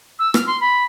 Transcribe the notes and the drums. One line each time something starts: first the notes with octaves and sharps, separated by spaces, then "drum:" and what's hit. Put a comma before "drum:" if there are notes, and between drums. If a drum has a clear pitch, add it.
E6
F6, drum: rim click
C6
B5